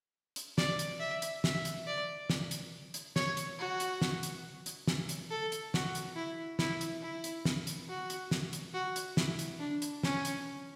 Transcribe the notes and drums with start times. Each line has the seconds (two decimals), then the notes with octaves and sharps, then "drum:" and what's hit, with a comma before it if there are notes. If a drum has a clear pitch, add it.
0.36 drum: hi-hat
0.58 D5, drum: snare
0.79 drum: hi-hat
1.00 E5
1.22 drum: hi-hat
1.44 E5, drum: snare
1.65 drum: hi-hat
1.87 D5
2.30 drum: snare
2.51 drum: hi-hat
2.94 drum: hi-hat
3.16 C#5, drum: snare
3.37 drum: hi-hat
3.59 F#4
3.80 drum: hi-hat
4.02 drum: snare
4.23 drum: hi-hat
4.66 drum: hi-hat
4.87 drum: snare
5.09 drum: hi-hat
5.31 A4
5.52 drum: hi-hat
5.74 F#4, drum: snare
5.95 drum: hi-hat
6.16 E4
6.59 E4, drum: snare
6.81 drum: hi-hat
7.02 E4
7.24 drum: hi-hat
7.45 drum: snare
7.67 drum: hi-hat
7.89 F#4
8.10 drum: hi-hat
8.31 drum: snare
8.53 drum: hi-hat
8.74 F#4
8.96 drum: hi-hat
9.17 E4, drum: snare
9.39 drum: hi-hat
9.60 D4
9.82 drum: hi-hat
10.03 C#4, drum: snare
10.25 drum: hi-hat